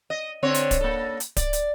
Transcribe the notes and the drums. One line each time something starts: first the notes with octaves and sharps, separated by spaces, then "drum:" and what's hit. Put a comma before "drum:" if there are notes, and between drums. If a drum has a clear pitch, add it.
D#5
D3 C4 C#5
drum: hi-hat
drum: kick D1, hi-hat
A#3 A4
drum: hi-hat
D5, drum: kick D1, hi-hat
drum: hi-hat